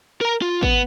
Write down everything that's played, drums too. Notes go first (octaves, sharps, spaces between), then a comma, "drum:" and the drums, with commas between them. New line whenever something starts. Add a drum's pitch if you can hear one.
A#4 A#5
F4
B3, drum: kick G#1